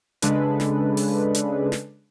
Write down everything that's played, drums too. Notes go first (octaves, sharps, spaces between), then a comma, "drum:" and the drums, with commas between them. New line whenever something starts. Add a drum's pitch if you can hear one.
C#3 G#3 D4 A4 B4, drum: hi-hat
drum: snare
drum: open hi-hat
drum: hi-hat
drum: snare